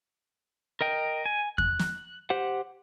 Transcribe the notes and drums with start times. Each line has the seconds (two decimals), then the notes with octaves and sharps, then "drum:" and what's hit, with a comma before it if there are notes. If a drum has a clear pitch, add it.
0.81 A#4 D#5 G5
1.26 G#5
1.58 F#6, drum: kick E2
1.79 drum: snare
2.30 G4 C5 F#5